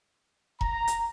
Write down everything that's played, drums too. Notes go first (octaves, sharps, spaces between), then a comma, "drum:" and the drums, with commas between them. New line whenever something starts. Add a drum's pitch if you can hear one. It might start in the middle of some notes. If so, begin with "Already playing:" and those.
A#5, drum: kick E1
drum: hi-hat